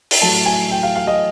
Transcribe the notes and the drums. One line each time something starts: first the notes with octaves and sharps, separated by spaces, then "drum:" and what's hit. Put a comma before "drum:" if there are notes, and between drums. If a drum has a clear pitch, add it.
drum: open hi-hat
A2 F#3 A3 A5
G#5
G5
F5
F5
D#5